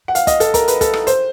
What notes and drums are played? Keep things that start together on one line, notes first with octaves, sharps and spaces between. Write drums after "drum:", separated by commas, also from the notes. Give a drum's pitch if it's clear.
F#5
F5, drum: hi-hat
D#5, drum: kick, hi-hat
A4, drum: hi-hat
A#4, drum: kick, hi-hat
B4, drum: hi-hat
A4, drum: kick, hi-hat
drum: rim click
C5, drum: hi-hat